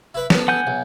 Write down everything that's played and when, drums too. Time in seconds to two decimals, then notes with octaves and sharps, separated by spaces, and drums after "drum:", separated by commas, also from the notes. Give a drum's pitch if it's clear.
0.14 E4 B4 B5
0.30 B3 A4, drum: snare
0.48 F#5 G#5 G6
0.67 B1